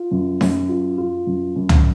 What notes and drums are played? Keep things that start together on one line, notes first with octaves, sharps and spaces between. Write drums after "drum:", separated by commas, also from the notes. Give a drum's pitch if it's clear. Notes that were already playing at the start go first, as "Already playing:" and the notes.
Already playing: F4
F#2
F#2, drum: snare D#4
F4
F4
F#2
F#2
drum: tom